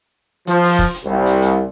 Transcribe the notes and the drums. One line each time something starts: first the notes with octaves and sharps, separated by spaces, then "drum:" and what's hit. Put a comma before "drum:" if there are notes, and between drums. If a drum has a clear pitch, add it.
F3, drum: hi-hat
drum: open hi-hat
drum: kick, hi-hat
drum: hi-hat
C2
drum: hi-hat
drum: hi-hat